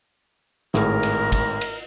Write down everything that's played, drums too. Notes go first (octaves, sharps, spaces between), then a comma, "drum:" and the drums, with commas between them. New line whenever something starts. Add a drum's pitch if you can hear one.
G#1 A2 G#4 A#4, drum: snare
drum: cymbal
drum: kick, cymbal
drum: cymbal